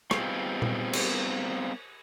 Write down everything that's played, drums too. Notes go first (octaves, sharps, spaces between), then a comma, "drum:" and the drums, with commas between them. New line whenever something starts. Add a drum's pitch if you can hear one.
G3 B3 C4 D#4 F4 G#4, drum: rim click
drum: tom A#2
drum: cymbal